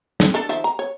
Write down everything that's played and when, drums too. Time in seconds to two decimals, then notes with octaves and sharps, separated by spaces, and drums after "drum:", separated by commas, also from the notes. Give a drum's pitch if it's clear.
0.20 C4, drum: snare
0.34 D4 A4 A#4
0.49 D#3 F3 E5
0.64 A#5
0.79 C#5